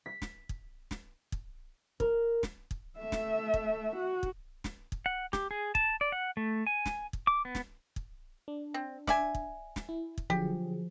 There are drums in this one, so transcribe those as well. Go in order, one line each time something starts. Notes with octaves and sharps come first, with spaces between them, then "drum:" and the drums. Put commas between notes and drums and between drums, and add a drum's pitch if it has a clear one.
B6
drum: snare
drum: kick
drum: snare
drum: kick
A#4, drum: kick
drum: snare
drum: kick
A3 E5
drum: snare
drum: kick
F#4
drum: kick
drum: snare
drum: kick
F#5
G4, drum: snare
G#4
A5, drum: kick
D5
F#5
A3
G#5
drum: snare
drum: kick
D6
B3
drum: snare
drum: kick
D4
C4
D5 E5 G#5, drum: snare
drum: kick
drum: snare
E4
drum: kick
D3 F3 F#3 G4 G#4